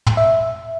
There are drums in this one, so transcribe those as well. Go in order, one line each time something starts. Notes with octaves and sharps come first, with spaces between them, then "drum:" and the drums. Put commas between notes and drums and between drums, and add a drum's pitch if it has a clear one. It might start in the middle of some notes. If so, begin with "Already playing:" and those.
drum: tom
E5